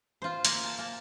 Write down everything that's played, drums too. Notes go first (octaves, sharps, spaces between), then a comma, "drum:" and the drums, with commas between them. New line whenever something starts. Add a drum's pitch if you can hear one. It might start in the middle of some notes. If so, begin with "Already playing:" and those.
F4 C5
A#3, drum: hi-hat
A5
A#3 A5